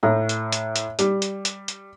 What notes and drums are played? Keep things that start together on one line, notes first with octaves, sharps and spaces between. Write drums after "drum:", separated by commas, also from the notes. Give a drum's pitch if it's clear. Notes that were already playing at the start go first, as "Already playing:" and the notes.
A2 A#5
drum: hi-hat
drum: hi-hat
drum: hi-hat
G3, drum: hi-hat
drum: hi-hat
drum: hi-hat
drum: hi-hat